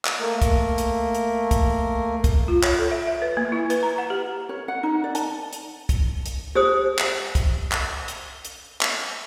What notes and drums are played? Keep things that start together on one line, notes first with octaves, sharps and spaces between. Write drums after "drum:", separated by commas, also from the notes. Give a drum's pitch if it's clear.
drum: clap
A3 A#3 A#4
drum: kick, hi-hat
drum: hi-hat
drum: hi-hat
drum: kick, hi-hat
drum: kick, hi-hat
F4
C#5, drum: clap
A4
E5
E5
B4
A#3
E4
B4, drum: hi-hat
A#5
F#5
G4
C#5
F#5
D#4
D5
A5, drum: hi-hat
drum: hi-hat
drum: kick, hi-hat
drum: hi-hat
G4 G#4 C5 D#6
drum: clap
drum: kick, hi-hat
drum: clap
drum: hi-hat
drum: hi-hat
drum: clap